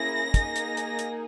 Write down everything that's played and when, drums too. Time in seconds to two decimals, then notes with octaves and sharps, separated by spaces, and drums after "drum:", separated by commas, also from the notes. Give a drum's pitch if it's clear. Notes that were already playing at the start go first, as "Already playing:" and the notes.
Already playing: A#3 C#4 E4 G#4 A#6
0.34 A#3 D#4 G#4, drum: kick, hi-hat
0.56 drum: hi-hat
0.77 drum: hi-hat
0.99 drum: hi-hat